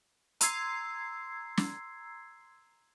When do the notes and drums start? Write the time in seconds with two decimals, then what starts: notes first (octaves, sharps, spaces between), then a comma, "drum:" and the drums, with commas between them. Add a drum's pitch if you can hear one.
0.41 A#5 C6 E6 G#6 C7, drum: hi-hat
1.57 drum: snare